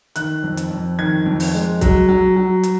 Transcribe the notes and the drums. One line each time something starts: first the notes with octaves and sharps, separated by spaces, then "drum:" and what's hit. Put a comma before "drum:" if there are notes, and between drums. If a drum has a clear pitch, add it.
D#3 F#6, drum: hi-hat
F2
drum: hi-hat
F2
D#3 G#6
F2
drum: open hi-hat
G#3
F#3, drum: kick C2, hi-hat
F#3
F#3
drum: hi-hat